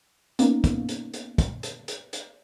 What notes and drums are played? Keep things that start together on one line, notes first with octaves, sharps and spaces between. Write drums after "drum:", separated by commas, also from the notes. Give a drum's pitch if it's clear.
A#3 B3 C#4 D#4, drum: hi-hat
drum: kick, hi-hat
drum: hi-hat
drum: hi-hat
drum: kick, hi-hat
drum: hi-hat
drum: hi-hat
drum: hi-hat